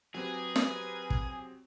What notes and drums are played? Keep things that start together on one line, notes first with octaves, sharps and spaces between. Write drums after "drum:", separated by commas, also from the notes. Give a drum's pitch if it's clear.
F#3 C4 G4 G#4 A#4 B4 G#5
drum: snare
drum: kick